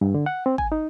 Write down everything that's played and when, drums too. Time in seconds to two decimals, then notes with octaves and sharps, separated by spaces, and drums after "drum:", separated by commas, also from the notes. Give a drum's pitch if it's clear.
0.01 G2
0.14 D3
0.26 F#5
0.46 C4
0.58 G#5, drum: kick G#1
0.72 D#4